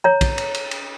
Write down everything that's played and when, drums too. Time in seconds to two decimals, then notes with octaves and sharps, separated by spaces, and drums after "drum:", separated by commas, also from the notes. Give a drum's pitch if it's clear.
0.04 C#5 A#5
0.21 drum: kick, cymbal
0.38 drum: cymbal
0.55 drum: cymbal
0.71 drum: cymbal